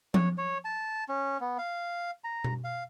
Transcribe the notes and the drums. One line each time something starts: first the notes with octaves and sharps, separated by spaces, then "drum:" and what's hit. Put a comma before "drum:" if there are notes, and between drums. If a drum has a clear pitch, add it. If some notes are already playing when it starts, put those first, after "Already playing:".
C#5, drum: tom F3
C#5
A5
C#4
B3
F5
A#5
drum: tom B2
F5